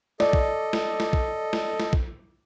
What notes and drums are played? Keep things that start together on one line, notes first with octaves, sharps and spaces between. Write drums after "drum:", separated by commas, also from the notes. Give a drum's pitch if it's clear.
A4 D5 D#5, drum: snare
drum: kick
drum: snare
drum: snare
drum: kick
drum: snare
drum: snare
drum: kick